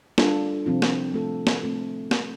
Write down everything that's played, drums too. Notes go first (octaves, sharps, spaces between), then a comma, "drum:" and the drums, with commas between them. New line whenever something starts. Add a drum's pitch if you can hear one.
G3 D4 F4 A4, drum: snare
C3 F3 C4 F4
drum: snare
A3 F4 A4
drum: snare
A3 C4 F4 A4
drum: snare